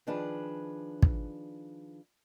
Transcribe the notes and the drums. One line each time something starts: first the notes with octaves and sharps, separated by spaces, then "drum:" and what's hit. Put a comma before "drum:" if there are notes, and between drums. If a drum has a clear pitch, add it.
D#3 F3 D4 G#4 B4
drum: kick